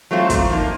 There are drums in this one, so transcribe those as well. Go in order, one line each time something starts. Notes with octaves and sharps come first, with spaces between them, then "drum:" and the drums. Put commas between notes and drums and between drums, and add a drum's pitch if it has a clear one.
F#3 A3 C4 F4
A#2, drum: kick, hi-hat
F3 A#3 D#4